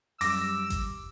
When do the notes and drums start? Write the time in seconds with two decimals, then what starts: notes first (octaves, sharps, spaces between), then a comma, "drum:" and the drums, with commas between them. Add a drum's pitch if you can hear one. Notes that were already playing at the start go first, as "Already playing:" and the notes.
0.21 F#2 G3 D6 E6 A#6, drum: open hi-hat
0.70 drum: kick G#1, hi-hat